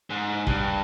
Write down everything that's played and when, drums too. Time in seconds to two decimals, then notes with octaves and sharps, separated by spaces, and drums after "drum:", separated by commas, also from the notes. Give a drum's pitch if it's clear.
0.10 G#2
0.47 G2, drum: kick